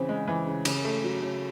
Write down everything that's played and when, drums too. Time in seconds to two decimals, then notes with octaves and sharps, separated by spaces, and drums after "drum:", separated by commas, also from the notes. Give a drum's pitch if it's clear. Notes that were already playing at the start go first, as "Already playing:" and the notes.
Already playing: C#3 E3 C4
0.09 G#3
0.27 E3
0.47 C#3
0.65 C#3, drum: cymbal
0.84 A3
1.04 F#3
1.22 C#3